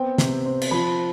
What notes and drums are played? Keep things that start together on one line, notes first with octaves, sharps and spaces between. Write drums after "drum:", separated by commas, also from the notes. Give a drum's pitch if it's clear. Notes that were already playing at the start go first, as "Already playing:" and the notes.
Already playing: B3 C4 G5
C3, drum: snare
C4
drum: cymbal
F3 B5